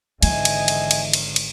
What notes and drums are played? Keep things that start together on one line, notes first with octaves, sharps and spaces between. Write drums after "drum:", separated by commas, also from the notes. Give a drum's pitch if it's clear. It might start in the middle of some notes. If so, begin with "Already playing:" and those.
G#1 D3 E3 D#5 E5 G#5, drum: cymbal
drum: cymbal
drum: cymbal
drum: cymbal
drum: cymbal
drum: cymbal